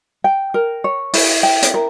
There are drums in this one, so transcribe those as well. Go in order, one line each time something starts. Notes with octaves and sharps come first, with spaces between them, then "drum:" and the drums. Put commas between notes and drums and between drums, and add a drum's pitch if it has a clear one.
G5
A#4
C#5
E4, drum: open hi-hat
G5
drum: hi-hat
A#4